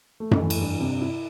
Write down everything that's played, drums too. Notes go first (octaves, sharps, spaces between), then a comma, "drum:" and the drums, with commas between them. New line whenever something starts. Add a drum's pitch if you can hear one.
A3
drum: tom F#2
E3
drum: cymbal
G2
C3
E4